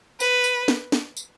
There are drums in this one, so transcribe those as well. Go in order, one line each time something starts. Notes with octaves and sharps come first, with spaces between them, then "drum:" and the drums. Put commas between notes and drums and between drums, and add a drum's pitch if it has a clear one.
B4, drum: tambourine
drum: tambourine
drum: snare
drum: snare
drum: tambourine